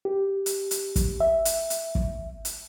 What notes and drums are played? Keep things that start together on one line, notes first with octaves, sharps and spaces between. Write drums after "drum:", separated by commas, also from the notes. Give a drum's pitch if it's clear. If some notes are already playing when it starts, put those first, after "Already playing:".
G4
drum: hi-hat
drum: hi-hat
drum: kick, hi-hat
E5
drum: hi-hat
drum: hi-hat
drum: kick
drum: hi-hat